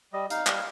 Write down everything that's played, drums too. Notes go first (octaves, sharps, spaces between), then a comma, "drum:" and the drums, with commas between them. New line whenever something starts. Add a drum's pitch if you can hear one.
G3 D#5
D#4 F5, drum: hi-hat
G3, drum: clap